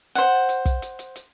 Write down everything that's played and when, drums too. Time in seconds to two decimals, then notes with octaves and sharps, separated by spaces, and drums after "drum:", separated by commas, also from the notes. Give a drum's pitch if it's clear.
0.15 C5 F#5, drum: hi-hat
0.32 drum: open hi-hat
0.49 drum: hi-hat
0.65 drum: kick, hi-hat
0.82 drum: hi-hat
0.99 drum: hi-hat
1.16 drum: hi-hat